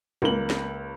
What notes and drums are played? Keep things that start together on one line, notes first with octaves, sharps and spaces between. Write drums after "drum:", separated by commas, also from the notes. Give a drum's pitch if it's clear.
C#2 A#3 F#7, drum: tom
drum: snare